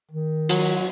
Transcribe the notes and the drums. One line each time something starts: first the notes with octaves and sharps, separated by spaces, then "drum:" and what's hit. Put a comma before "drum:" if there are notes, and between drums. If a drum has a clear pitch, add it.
D#3
F#3, drum: hi-hat